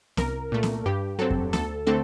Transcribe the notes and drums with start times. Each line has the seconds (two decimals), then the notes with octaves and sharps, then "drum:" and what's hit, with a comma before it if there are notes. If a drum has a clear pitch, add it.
0.17 C2 A#4, drum: snare B3
0.52 A#2 A3
0.63 drum: snare B3
0.86 G2 G4
1.19 F#3 C4 A4
1.31 drum: kick F2
1.53 D2 A4, drum: snare B3
1.87 D3 A3 C4 A4